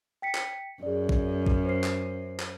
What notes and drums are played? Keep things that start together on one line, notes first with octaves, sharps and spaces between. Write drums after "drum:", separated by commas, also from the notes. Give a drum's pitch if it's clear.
G5 B6 C#7
drum: clap
F#2 G#4 D5
drum: kick
drum: kick
C5 C7
drum: clap
drum: clap